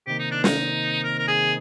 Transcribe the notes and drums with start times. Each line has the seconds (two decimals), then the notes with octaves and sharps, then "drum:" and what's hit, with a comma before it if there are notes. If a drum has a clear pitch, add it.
0.07 C3 D#3 A#3 G4
0.19 D#4
0.31 D4
0.44 D#4, drum: snare
1.04 A#4
1.19 A#4
1.27 G#4